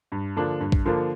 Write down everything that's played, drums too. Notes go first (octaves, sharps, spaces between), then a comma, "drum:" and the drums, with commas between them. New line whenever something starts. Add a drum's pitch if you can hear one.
G2
D3 F3 A#3 D4
G2
drum: kick
D3 F3 A#3 D4